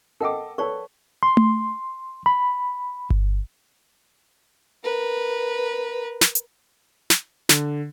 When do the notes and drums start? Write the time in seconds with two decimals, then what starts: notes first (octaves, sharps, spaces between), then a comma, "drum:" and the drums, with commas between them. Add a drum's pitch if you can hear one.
0.20 A4 A#4 D#5 F#5 G5 D6
0.58 A4 B4 C#5 D5 C#6
1.23 C6
1.37 drum: tom A3
2.26 B5
3.10 drum: kick G1
4.84 A#4 B4
6.21 drum: snare
6.35 drum: hi-hat
7.10 drum: snare
7.49 D3, drum: snare